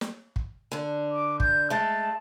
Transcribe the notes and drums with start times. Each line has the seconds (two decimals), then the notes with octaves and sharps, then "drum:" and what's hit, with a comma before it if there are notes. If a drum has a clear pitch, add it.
0.01 drum: snare
0.36 drum: kick G1
0.72 D3 D4
1.11 D6
1.40 G6, drum: kick G1
1.70 G#3 A3 A5